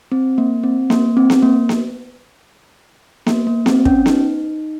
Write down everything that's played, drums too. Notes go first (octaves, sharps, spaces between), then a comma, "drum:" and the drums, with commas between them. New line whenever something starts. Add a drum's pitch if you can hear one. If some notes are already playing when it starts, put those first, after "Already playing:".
C4
A#3
C4
A#3, drum: snare B3
C4
drum: snare B3
A#3
drum: snare B3
A#3, drum: snare B3
A#3
C4, drum: snare B3
C#4, drum: kick
D#4, drum: snare B3